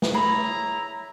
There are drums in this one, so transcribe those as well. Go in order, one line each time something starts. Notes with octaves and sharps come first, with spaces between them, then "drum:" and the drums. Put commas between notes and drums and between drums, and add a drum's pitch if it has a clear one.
drum: snare
E4 G#4 C#5 A#5 B5